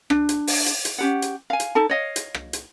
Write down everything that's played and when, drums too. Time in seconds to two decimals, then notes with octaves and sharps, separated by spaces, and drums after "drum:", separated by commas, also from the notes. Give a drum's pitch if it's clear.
0.10 D4, drum: rim click
0.29 drum: hi-hat
0.47 drum: open hi-hat
0.66 drum: hi-hat
0.85 drum: hi-hat
0.98 C#4 G4 F#5
1.22 drum: hi-hat
1.50 F5 G#5
1.60 drum: hi-hat
1.75 D#4 A4 A5
1.90 C#5 D#5 F5
2.16 drum: hi-hat
2.34 drum: rim click
2.53 drum: hi-hat